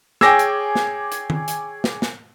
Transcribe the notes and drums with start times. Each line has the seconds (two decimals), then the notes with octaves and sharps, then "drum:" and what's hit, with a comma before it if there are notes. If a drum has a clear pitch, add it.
0.21 G#4 C#5 G5 G#5 D6 E6 G#6 A#6, drum: snare
0.39 drum: hi-hat
0.75 drum: snare
1.12 drum: hi-hat
1.30 drum: tom D#3
1.48 drum: hi-hat
1.84 drum: snare
2.02 drum: snare